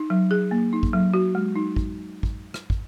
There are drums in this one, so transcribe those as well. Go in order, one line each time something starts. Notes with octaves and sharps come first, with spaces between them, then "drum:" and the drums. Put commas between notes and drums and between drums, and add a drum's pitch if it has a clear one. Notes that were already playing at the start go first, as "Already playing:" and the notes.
Already playing: D#4
F#3
G#4
A#3
D#4
drum: kick
F#3
F#4
G#3
D#4
drum: kick
drum: kick
drum: rim click
drum: kick